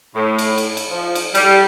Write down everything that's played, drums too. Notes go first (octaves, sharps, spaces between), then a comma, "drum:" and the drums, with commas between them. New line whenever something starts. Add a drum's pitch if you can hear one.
A2
drum: cymbal
drum: cymbal
drum: cymbal
F3
drum: cymbal
G3, drum: cymbal